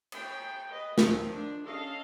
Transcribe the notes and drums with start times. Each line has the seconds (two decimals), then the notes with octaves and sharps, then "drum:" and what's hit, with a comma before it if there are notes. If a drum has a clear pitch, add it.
0.12 G5, drum: cymbal
0.69 B4 D#5
0.98 D#3 F3 C4, drum: snare
1.30 D4
1.64 C#4 A4 D#5 F5